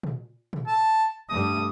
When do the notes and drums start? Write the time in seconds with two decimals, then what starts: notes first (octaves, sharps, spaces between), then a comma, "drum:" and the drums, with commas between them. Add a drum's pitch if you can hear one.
0.03 drum: tom A#2
0.53 drum: tom A#2
0.67 A5
1.29 G2 A3 D#6